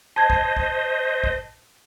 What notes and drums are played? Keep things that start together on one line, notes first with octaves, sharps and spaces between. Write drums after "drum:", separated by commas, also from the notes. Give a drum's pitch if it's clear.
C5 D#5 A5 G#6
drum: kick
drum: kick
drum: kick